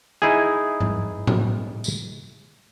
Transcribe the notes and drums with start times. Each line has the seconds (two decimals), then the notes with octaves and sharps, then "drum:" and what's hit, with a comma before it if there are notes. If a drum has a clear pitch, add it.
0.22 D#4 E4 G#4
0.80 drum: tom G#2
1.27 drum: tom A2
1.84 drum: tambourine